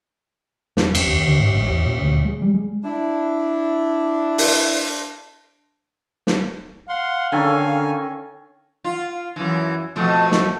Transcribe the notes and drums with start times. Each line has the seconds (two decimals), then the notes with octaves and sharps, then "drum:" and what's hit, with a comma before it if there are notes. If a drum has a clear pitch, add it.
0.77 F1, drum: snare
0.95 F1, drum: cymbal
1.07 D#2
1.27 D3
1.40 G#2
1.54 A1
1.68 E2
1.86 A#2
2.01 D2
2.25 G#3
2.42 G3
2.54 G#3
2.84 D4 E4
4.38 drum: open hi-hat
6.27 drum: snare
6.89 F5 F#5 C6
7.32 D3 D#3 C#4 A4 G#5
8.84 F4
9.36 F#2 E3
9.96 F2 B2 A3
10.32 drum: snare